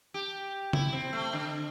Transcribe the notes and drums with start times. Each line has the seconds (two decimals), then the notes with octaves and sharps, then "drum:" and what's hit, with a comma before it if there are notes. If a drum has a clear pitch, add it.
0.14 G4
0.73 E4, drum: tom C#3
0.93 C4
1.13 A3
1.33 D3